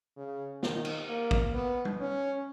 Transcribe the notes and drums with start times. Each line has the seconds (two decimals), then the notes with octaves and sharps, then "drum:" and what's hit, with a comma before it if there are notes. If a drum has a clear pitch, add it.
0.17 C#3
0.63 D#3, drum: snare
0.85 drum: cymbal
1.08 A#3
1.31 drum: kick
1.54 B3
1.85 drum: tom
2.00 C#4